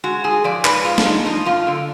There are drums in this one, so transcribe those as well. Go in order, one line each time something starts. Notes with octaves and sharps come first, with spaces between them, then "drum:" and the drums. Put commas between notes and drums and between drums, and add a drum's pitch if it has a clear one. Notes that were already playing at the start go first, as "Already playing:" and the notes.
G#3 F#4
G#2 G#4
F3 D5
G#2 B4, drum: clap
G#3 F4
D4, drum: snare
G#2 D#4
F3 D#4
F#2 F4
D3